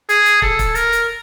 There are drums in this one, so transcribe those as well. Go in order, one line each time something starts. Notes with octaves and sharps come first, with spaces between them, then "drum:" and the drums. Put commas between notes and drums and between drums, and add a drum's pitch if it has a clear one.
G#4, drum: hi-hat
drum: hi-hat
A4, drum: kick
drum: kick, hi-hat
A#4, drum: hi-hat
drum: hi-hat